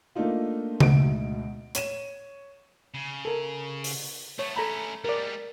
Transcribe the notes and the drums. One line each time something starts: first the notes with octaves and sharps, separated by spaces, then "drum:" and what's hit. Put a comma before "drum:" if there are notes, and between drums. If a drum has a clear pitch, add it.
A3 A#3 D4 D#4 F4
D2 G#2 B2 D7, drum: tom C#3
C#5 D#7 E7, drum: hi-hat
C#3
A4 A#4
drum: open hi-hat
A3 B3 C#5
A3 C#4 A4 A#5 B5
G3 G#3 A#4 D5